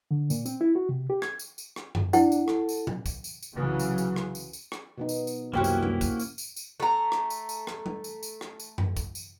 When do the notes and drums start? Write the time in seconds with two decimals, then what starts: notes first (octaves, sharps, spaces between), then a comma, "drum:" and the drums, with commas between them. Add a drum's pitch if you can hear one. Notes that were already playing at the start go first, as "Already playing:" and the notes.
0.11 D3
0.30 A#2, drum: tambourine
0.46 C4, drum: tambourine
0.61 E4
0.75 F#4
0.89 C3
1.10 G4
1.22 G#6, drum: rim click
1.39 drum: tambourine
1.58 drum: tambourine
1.76 drum: rim click
1.95 drum: tom F#2
2.13 D4 E4 F#5, drum: tambourine
2.32 drum: tambourine
2.48 A4, drum: rim click
2.69 drum: tambourine
2.87 drum: tom A#2
3.06 drum: kick, tambourine
3.24 drum: tambourine
3.43 drum: tambourine
3.54 C2 C#3 E3 F#3
3.79 drum: tambourine
3.98 drum: tambourine
4.16 drum: rim click
4.35 drum: tambourine
4.53 drum: tambourine
4.72 drum: rim click
4.98 B2 B3 D#4
5.09 drum: tambourine
5.27 drum: tambourine
5.54 C2 F#2 A#3 C#4 E4 F#4 G4 C5
5.64 drum: tambourine
5.83 drum: tom G3
6.01 drum: kick, tambourine
6.20 drum: tambourine
6.38 drum: tambourine
6.56 drum: tambourine
6.80 A3 A#5
7.12 drum: rim click
7.30 drum: tambourine
7.49 drum: tambourine
7.67 drum: rim click
7.86 drum: tom G3
8.04 drum: tambourine
8.23 drum: tambourine
8.41 drum: rim click
8.60 drum: tambourine
8.78 drum: tom F#2
8.97 drum: kick, tambourine
9.15 drum: tambourine